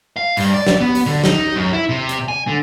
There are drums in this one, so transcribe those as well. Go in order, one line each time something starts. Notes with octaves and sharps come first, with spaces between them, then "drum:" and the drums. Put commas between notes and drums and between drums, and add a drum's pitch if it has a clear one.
F5
G2, drum: open hi-hat
D5
drum: snare
B3
drum: open hi-hat
D3
D#4, drum: snare
F#2
E4
C3
drum: hi-hat
G#5
D3